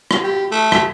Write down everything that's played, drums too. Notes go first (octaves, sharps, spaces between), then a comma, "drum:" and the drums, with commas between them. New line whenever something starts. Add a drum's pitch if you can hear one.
drum: rim click
G4
A3
drum: rim click